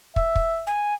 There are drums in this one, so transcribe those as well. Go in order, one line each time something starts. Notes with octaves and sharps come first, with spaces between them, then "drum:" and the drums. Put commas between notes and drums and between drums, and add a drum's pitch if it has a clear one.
E5, drum: kick
drum: kick
G#5